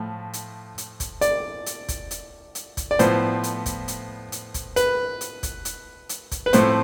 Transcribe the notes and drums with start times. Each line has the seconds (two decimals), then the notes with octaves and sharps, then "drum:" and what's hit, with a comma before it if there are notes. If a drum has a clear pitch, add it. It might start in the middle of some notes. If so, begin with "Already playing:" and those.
Already playing: A2 F3 A3
0.33 drum: hi-hat
0.78 drum: hi-hat
1.00 drum: kick, hi-hat
1.21 D5, drum: hi-hat
1.66 drum: hi-hat
1.88 drum: kick, hi-hat
2.11 drum: hi-hat
2.55 drum: hi-hat
2.77 drum: kick, hi-hat
2.91 D5
2.99 A2 F3 B3 C5, drum: hi-hat
3.44 drum: hi-hat
3.66 drum: kick, hi-hat
3.88 drum: hi-hat
4.32 drum: hi-hat
4.54 drum: kick, hi-hat
4.76 B4, drum: hi-hat
5.21 drum: hi-hat
5.43 drum: kick, hi-hat
5.65 drum: hi-hat
6.09 drum: hi-hat
6.31 drum: kick, hi-hat
6.46 B4
6.53 A2 F3 A3 C4 C5, drum: hi-hat